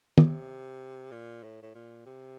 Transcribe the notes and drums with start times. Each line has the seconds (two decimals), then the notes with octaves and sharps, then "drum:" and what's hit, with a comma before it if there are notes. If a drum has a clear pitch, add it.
0.18 C3, drum: tom
1.11 A#2
1.43 A2
1.62 A2
1.75 A#2
2.06 C3